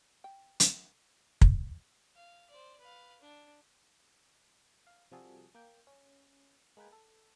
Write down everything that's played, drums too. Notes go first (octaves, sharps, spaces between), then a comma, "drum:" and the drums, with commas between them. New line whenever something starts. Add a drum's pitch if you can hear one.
G5
drum: hi-hat
drum: kick
F5
C5 D5
B4 F5
D4
F5
C3 F3 G3 F#4 G#4 A4
A#3 G5
C#4
G#3 A#3 A#4 B4 G5 G#5
A4